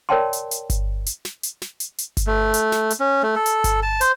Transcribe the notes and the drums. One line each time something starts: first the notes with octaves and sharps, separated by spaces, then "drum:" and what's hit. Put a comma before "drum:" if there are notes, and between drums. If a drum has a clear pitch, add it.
A#4 C#5 D5 G5 A5 C6
drum: hi-hat
drum: hi-hat
drum: kick G1, hi-hat
drum: hi-hat
drum: snare
drum: hi-hat
drum: snare
drum: hi-hat
drum: hi-hat
drum: kick G1, hi-hat
A3
drum: hi-hat
drum: snare
drum: hi-hat
C#4
A3
A4
drum: hi-hat
drum: kick G1, hi-hat
A5
C5, drum: hi-hat